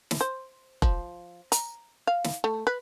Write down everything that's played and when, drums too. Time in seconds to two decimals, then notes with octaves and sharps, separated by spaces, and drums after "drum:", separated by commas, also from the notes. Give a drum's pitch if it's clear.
0.11 drum: snare
0.21 C5
0.82 F3, drum: kick F1
1.52 A#5, drum: hi-hat
2.07 F5
2.24 drum: snare
2.44 A3
2.67 B4